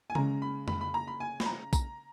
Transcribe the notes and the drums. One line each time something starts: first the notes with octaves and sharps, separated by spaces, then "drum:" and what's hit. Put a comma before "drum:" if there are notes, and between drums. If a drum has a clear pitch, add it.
G#5
C#3 G#3 C#4 A#5, drum: tom C#3
B5
B5, drum: tom F2
B5
A#5
B5
G#5
B5, drum: snare
A#5
A#5, drum: kick, tambourine